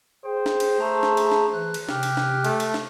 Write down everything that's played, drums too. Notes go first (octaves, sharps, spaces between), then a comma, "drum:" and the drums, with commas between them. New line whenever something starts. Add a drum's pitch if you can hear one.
G#4 C5 G5
drum: snare
drum: cymbal
A3 G#4 A5 A#5
drum: snare
drum: cymbal
drum: snare
E3 F#6
drum: cymbal
C3 G4 F6 F#6, drum: snare
drum: cymbal
drum: snare
A3, drum: cymbal
drum: cymbal
drum: snare